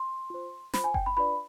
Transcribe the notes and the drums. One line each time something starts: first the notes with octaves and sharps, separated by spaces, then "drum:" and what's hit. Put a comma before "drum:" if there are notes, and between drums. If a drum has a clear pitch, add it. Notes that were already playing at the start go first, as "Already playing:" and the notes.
Already playing: C6
F4 C5
F4 C5 B5, drum: snare
G#5
G5, drum: kick F#1
B5
D4 F4 B4 D5 B5